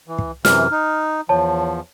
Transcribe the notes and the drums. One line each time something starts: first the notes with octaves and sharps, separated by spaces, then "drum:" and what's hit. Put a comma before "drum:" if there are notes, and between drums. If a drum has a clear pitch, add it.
E3
drum: kick
F#2 C3 E3 F6, drum: snare
D#4
E2 F3 C#5 A5